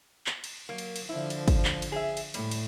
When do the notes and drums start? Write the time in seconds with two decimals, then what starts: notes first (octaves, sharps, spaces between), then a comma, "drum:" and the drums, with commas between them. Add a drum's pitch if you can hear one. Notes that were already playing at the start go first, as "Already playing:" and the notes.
0.26 drum: clap
0.44 drum: cymbal
0.69 F#3 A#3
0.78 drum: cymbal
0.96 drum: cymbal
1.09 D3 F3 E4
1.30 drum: cymbal
1.48 drum: kick, cymbal
1.65 drum: clap
1.82 drum: cymbal
1.92 G#4 E5
2.17 drum: cymbal
2.34 A2 G3, drum: cymbal
2.51 drum: cymbal